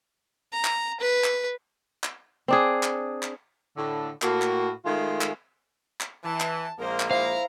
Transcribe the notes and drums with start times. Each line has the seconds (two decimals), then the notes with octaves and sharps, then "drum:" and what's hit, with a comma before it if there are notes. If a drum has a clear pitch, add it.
0.53 A#5
0.65 drum: clap
1.01 B4
1.24 drum: clap
2.04 drum: clap
2.48 C4 D4 G#4
2.83 drum: clap
3.23 drum: clap
3.76 A2 D3
4.22 A2 A#3 F#4, drum: clap
4.42 drum: clap
4.85 D#3 G#3 A3 F4
5.21 drum: clap
6.01 drum: clap
6.24 E3 A5
6.40 drum: clap
6.79 A#1 G#3 A#3 A#4 C5
7.00 drum: clap
7.11 E4 C5 F5 A#5